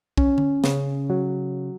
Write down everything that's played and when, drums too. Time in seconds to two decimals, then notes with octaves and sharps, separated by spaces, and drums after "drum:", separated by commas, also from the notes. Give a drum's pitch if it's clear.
0.17 C#4, drum: kick
0.38 drum: tom D3
0.64 C#3, drum: snare
1.10 F#3